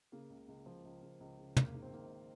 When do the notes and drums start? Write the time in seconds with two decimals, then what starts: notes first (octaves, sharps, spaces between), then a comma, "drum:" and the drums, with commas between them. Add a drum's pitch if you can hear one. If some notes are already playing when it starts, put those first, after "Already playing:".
0.12 C#3 A#3
0.30 C#2
0.48 C#2
0.66 F3
0.84 C#2
1.02 C#2
1.20 C#2
1.39 C#3
1.57 A#1 A#3, drum: tom
1.75 G#2
1.82 C4
1.92 D#3 A#3